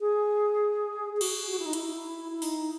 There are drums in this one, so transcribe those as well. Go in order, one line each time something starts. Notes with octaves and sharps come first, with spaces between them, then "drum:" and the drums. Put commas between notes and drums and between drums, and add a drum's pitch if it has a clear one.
G#4
G#4
F#4, drum: cymbal
F#4
E4
D#4
E4, drum: hi-hat
E4
D#4, drum: open hi-hat